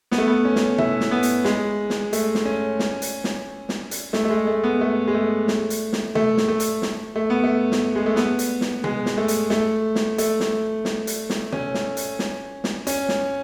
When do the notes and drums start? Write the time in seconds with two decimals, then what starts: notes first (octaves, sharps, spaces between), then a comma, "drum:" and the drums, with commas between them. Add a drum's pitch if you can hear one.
0.12 B3, drum: snare
0.18 A3
0.27 B3
0.45 C#4
0.56 drum: snare
0.78 E4, drum: tom B2
1.00 drum: snare
1.11 B3
1.23 drum: hi-hat
1.45 G#3, drum: snare
1.90 drum: snare
2.13 A3, drum: hi-hat
2.35 drum: snare
2.45 C#4
2.79 drum: snare
3.02 drum: hi-hat
3.24 drum: snare
3.69 drum: snare
3.91 drum: hi-hat
4.13 A3, drum: snare
4.25 A3
4.30 G#3
4.47 A3
4.64 B3
4.81 A3
5.08 G#3
5.14 A3
5.48 drum: snare
5.70 drum: hi-hat
5.93 drum: snare
6.15 A3, drum: tom B2
6.37 drum: snare
6.48 A3
6.60 drum: hi-hat
6.82 drum: snare
7.16 A3
7.30 B3
7.44 A3
7.72 drum: snare
7.95 G#3
8.06 A3
8.16 B3, drum: snare
8.39 drum: hi-hat
8.61 drum: snare
8.84 G#3, drum: tom B2
9.06 drum: snare
9.18 A3
9.28 drum: hi-hat
9.50 A3, drum: snare
9.95 drum: snare
10.18 A3, drum: hi-hat
10.40 drum: snare
10.85 drum: snare
11.07 drum: hi-hat
11.30 drum: snare
11.52 C#4, drum: tom B2
11.74 drum: snare
11.97 drum: hi-hat
12.19 drum: snare
12.64 drum: snare
12.87 C#4, drum: hi-hat
13.09 drum: snare